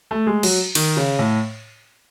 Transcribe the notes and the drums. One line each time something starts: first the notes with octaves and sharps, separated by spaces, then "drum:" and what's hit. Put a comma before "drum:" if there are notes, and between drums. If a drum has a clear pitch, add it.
A3
G#3
F#3, drum: cymbal
D#3, drum: cymbal
C#3
A2